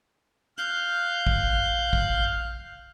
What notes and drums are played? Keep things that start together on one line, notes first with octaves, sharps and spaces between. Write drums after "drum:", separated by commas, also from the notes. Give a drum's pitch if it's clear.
F5 F#6 G6, drum: hi-hat
drum: kick A1
drum: kick A1